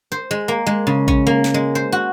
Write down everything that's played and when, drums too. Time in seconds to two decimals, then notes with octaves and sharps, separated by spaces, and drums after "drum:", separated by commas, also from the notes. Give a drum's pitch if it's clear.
0.12 C5
0.31 G#3
0.48 A#3
0.66 G#3
0.87 C#3
1.08 C#4, drum: kick A#1
1.27 A#3
1.44 drum: snare
1.54 G#3
1.75 C5
1.92 F#4